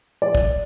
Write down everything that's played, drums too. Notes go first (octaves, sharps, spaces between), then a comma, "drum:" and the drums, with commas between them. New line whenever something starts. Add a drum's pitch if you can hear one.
D5
drum: kick